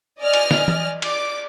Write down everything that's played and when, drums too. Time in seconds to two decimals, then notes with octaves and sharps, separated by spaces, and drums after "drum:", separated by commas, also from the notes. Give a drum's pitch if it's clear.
0.20 D5 D#5 G#5 F6
0.34 drum: cymbal
0.51 drum: snare
0.68 drum: tom E3
1.02 D5 D6, drum: cymbal